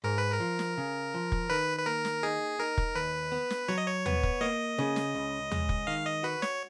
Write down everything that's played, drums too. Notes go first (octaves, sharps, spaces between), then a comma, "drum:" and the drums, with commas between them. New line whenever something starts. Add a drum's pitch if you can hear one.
G#2 A#4
B4
A#4
F3
drum: snare
C#3
F3
drum: kick
D#3 B4
B4
A#3 A#4
drum: snare
D#4 G#4
D#4 A#4
drum: kick
D#2 B4
B3
drum: snare
F#3 C#5
D#5
C#5
B3, drum: tom
drum: kick
A#3 D#5
C#3
drum: snare
C#2
G#3, drum: tom
drum: kick
D#3 F5
D#5
F#4 B4
C#5, drum: snare